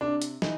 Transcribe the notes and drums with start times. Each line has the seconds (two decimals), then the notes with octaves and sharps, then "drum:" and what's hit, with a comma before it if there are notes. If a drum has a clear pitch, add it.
0.01 C3 D4
0.22 drum: hi-hat
0.42 E3 D#4, drum: snare